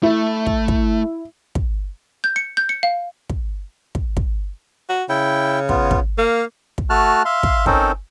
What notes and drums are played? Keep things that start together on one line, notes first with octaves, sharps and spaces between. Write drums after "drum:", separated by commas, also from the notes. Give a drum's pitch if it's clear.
A3 E4
drum: kick
drum: kick
drum: kick
G6
C#7
G6
C#7
F5
drum: kick
drum: kick
drum: kick
F#4
C#3 E4 G5
B3 F4, drum: kick
drum: kick
A#3 F5
drum: kick
A3 F#4 A5 F6 F#6
E5 F5 C6
drum: kick
C4 C#4 D#4 A4 A#4 C5, drum: kick